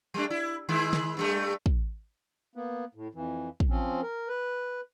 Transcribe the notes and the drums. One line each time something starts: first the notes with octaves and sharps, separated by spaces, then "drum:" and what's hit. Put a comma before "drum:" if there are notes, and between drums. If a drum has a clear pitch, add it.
G3 A3 D4
E4
D#3 G#3 E4
drum: snare
G2 G3 A3
drum: kick
A#3 B3
A2
F2 E3
drum: kick
F3 C4 C#4
A#4
B4